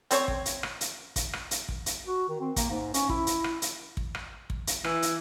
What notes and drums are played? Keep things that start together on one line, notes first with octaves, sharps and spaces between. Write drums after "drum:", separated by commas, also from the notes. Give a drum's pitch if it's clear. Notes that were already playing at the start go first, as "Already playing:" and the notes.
C4 C5 C#5, drum: hi-hat
drum: kick
drum: hi-hat
drum: rim click
drum: hi-hat
drum: kick, hi-hat
drum: rim click
drum: hi-hat
drum: kick
drum: hi-hat
F#4
D#3
C4
A#3, drum: kick, hi-hat
G#2
C#4, drum: hi-hat
E4, drum: kick
drum: hi-hat
drum: rim click
drum: hi-hat
drum: kick
drum: rim click
drum: kick
drum: hi-hat
E3, drum: rim click
drum: hi-hat